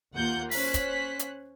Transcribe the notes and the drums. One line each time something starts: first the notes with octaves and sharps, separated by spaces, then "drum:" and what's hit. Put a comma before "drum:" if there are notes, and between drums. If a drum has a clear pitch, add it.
D#2 A#3 F4 F#5 G6
C#4 C5 F#6 B6, drum: open hi-hat
drum: kick, hi-hat
drum: hi-hat